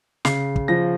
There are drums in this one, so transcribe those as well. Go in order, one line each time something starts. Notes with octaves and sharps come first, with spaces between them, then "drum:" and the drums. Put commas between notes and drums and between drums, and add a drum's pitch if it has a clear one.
C#3 C7, drum: snare
drum: kick
F3 A#6